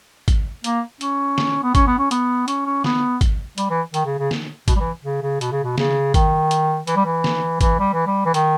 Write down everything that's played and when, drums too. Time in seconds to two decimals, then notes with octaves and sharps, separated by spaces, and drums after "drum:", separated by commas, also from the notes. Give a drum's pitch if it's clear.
0.28 drum: kick G#1, hi-hat
0.64 A#3, drum: hi-hat
1.01 C#4, drum: hi-hat
1.38 drum: snare
1.63 B3
1.75 C#4, drum: kick G#1, hi-hat
1.87 B3
1.98 C#4
2.11 B3, drum: hi-hat
2.48 C#4, drum: hi-hat
2.66 C#4
2.84 B3, drum: snare
3.21 drum: kick G#1, hi-hat
3.58 G3, drum: hi-hat
3.70 E3
3.94 D#3, drum: hi-hat
4.06 C#3
4.19 C#3
4.31 drum: snare
4.68 B2, drum: kick G#1, hi-hat
4.76 G3
4.80 E3
5.04 C#3
5.22 C#3
5.41 B2, drum: hi-hat
5.52 C#3
5.64 B2
5.78 C#3, drum: snare
6.14 D#3, drum: kick G#1, hi-hat
6.51 drum: hi-hat
6.87 E3, drum: hi-hat
6.96 G3
7.06 E3
7.24 drum: snare
7.61 E3, drum: kick G#1, hi-hat
7.79 G3
7.93 E3
8.07 G3
8.26 E3
8.34 D#3, drum: hi-hat